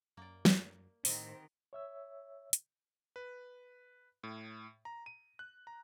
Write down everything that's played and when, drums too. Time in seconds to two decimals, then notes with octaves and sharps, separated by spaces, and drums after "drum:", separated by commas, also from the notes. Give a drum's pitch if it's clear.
0.17 F#2 A#3 D5
0.45 drum: snare
1.05 A2 D#3 C4 G4 C5 D#5 F#5, drum: open hi-hat
1.73 C#5 E5 E6
2.53 drum: hi-hat
3.16 B4
4.23 A2
4.85 A#5
5.06 D#7
5.39 F#6
5.67 A#5